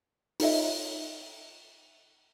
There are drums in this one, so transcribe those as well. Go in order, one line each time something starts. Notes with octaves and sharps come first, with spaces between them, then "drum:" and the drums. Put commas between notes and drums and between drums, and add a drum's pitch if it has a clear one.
D#4 F4 A4 C#5 D#5 E5, drum: open hi-hat